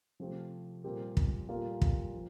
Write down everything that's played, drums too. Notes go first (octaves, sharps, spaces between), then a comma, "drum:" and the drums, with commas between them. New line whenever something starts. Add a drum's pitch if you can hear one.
C3 F3 A3 C4 G4
A#2 G3 C4 G4 A#4
drum: kick
A#2 G3 A#3 F4 A4
drum: kick
F3